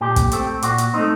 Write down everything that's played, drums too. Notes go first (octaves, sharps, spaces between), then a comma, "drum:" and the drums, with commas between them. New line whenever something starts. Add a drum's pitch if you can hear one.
A#2 G4
drum: kick, hi-hat
A3 C4, drum: hi-hat
A#2 F#4, drum: hi-hat
drum: hi-hat
A3 C4 D#4